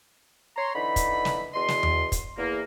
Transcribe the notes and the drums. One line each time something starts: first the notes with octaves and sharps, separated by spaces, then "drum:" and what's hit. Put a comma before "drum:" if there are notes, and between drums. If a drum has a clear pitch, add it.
C#5 A#5 C6
D3 E3 D#4 B5
drum: kick, hi-hat
drum: snare
E2 B2 D#5 C6
drum: snare
drum: tom E2
drum: kick, hi-hat
E2 A#3